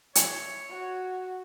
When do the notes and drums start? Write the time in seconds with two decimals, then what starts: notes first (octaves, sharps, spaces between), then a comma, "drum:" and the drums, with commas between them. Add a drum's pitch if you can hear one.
0.15 E4 C#5, drum: hi-hat
0.69 F#4